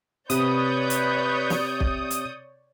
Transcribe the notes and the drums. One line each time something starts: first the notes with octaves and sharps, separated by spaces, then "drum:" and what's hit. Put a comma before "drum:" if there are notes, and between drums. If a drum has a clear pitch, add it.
C3 B4 C#5 D5 D#6 G6, drum: hi-hat
drum: hi-hat
drum: snare
drum: kick
drum: hi-hat